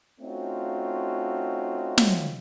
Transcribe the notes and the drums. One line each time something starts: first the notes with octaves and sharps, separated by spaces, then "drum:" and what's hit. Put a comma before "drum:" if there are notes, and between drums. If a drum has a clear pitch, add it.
A3 C4 C#4 D#4 F4 F#4
drum: snare